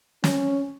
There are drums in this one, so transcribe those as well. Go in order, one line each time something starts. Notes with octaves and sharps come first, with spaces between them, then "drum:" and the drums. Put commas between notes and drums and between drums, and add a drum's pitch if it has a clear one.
C#4, drum: snare